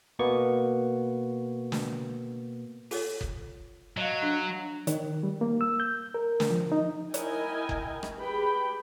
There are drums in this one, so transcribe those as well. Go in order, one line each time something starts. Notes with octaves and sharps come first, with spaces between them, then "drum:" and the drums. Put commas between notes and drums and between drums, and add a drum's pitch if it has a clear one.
B2 A#3 B3 C#6
drum: snare
F4 A4 C#5, drum: open hi-hat
drum: kick F#1
F#3 D#5 F5
D4
D#3, drum: hi-hat
G3
A#3
E6
G6
A#4
drum: snare
F3
D#4
E4 A#4 D#5 G5 G#5, drum: hi-hat
drum: kick F#1
drum: rim click
G4 G#4 B4 G5 B5